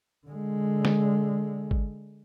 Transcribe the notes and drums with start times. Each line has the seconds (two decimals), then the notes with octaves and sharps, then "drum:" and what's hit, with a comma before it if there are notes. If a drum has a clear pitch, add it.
0.27 D3 G#3
0.85 drum: snare
1.71 drum: kick